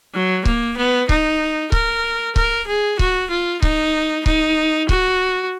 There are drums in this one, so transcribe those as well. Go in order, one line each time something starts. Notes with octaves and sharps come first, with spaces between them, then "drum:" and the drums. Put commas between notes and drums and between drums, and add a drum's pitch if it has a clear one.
F#3
A#3, drum: kick C#1
B3
D#4, drum: kick C#1
A#4, drum: kick C#1
A#4, drum: kick C#1
G#4
F#4, drum: kick C#1
F4
D#4, drum: kick C#1
D#4, drum: kick C#1
F#4, drum: kick C#1